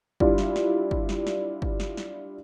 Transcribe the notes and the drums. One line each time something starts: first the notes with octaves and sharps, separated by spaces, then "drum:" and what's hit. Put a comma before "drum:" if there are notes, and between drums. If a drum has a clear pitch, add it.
G3 D4 E4 F4, drum: kick
drum: snare
drum: snare
drum: kick
drum: snare
drum: snare
drum: kick
drum: snare
drum: snare